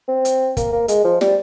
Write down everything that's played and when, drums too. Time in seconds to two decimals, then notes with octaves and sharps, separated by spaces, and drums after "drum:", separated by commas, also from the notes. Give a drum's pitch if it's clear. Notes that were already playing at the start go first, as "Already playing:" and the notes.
0.08 C4
0.25 drum: hi-hat
0.57 A#3, drum: kick, hi-hat
0.72 A#3
0.88 G#3, drum: hi-hat
1.04 F3
1.21 G3, drum: snare